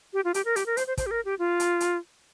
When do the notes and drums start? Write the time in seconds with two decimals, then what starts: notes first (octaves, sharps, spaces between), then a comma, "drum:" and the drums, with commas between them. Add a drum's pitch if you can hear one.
0.13 G4
0.25 F4
0.34 G4, drum: hi-hat
0.45 A#4
0.56 G4, drum: hi-hat
0.66 A#4
0.77 C5, drum: hi-hat
0.87 C5
0.97 C5, drum: kick, hi-hat
1.06 G4
1.11 A#4
1.25 G4
1.39 F4
1.60 drum: hi-hat
1.80 drum: hi-hat